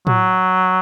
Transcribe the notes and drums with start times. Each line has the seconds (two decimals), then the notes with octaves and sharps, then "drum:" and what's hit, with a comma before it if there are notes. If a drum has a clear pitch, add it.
0.07 F#3, drum: tom A2